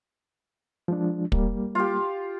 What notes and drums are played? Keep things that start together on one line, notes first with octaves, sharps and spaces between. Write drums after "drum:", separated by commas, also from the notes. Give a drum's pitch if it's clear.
F3 G#3 D4
G3 A#3, drum: kick
F4 G4